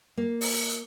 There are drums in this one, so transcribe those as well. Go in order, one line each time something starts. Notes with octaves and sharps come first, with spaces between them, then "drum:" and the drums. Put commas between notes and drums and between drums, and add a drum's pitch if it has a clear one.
A#3
drum: open hi-hat